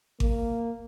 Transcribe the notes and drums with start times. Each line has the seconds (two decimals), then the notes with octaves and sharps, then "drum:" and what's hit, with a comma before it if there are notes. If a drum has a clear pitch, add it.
0.20 A#3, drum: kick G#1